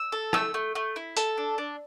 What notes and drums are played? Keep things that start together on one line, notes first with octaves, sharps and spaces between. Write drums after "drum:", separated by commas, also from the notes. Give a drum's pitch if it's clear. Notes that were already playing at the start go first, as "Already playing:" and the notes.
Already playing: E6
A4
A3 E6, drum: rim click
A3
A3
E4
A4, drum: hi-hat
D4
D4